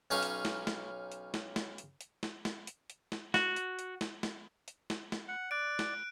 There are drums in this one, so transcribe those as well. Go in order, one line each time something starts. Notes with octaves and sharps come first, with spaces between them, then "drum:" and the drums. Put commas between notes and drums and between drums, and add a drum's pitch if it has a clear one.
B1 C#4 D#4 F5 C#6
drum: hi-hat
drum: snare
drum: snare
drum: hi-hat
drum: snare
drum: snare
drum: hi-hat
drum: hi-hat
drum: snare
drum: snare
drum: hi-hat
drum: hi-hat
drum: snare
F#4, drum: snare
drum: hi-hat
drum: hi-hat
drum: snare
drum: snare
drum: hi-hat
drum: snare
drum: snare
F#5
D5 F#6 D7
drum: snare